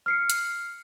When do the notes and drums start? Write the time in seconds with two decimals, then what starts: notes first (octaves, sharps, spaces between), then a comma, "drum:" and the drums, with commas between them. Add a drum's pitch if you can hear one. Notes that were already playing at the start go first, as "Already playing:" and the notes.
0.06 F6 C7 C#7
0.30 drum: hi-hat